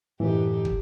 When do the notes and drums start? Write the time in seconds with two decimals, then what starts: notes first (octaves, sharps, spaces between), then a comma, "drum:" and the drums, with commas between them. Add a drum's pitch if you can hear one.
0.20 F#2 A2 D3 E3 D#4 G4
0.65 drum: kick